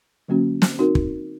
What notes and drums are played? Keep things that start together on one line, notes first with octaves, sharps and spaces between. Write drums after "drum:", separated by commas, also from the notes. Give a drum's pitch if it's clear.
D3 F#3 A#3 C#4 F#4
drum: snare
C4 D#4 F#4 A#4
drum: kick